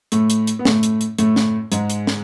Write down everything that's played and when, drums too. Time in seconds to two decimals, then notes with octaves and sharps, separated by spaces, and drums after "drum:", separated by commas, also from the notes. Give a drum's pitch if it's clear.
0.12 A2 A3, drum: hi-hat
0.30 drum: hi-hat
0.47 drum: hi-hat
0.59 B3
0.65 A2 A3, drum: snare
0.83 drum: hi-hat
1.01 drum: hi-hat
1.18 A2 A3, drum: hi-hat
1.36 drum: snare
1.72 G#2 G#3, drum: hi-hat
1.90 drum: hi-hat
2.07 drum: snare